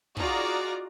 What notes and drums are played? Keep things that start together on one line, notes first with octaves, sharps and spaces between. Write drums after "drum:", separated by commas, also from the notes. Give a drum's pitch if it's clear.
D#4 F4 F#4 G#4 D5 A#5, drum: kick